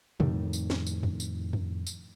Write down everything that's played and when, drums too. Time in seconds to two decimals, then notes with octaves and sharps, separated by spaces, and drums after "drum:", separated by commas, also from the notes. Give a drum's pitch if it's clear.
0.20 F2 A2 D#3, drum: tom B2
0.53 drum: tambourine
0.70 drum: snare
0.87 drum: tambourine
1.03 drum: tom F2
1.20 drum: tambourine
1.53 drum: tom F2
1.87 drum: tambourine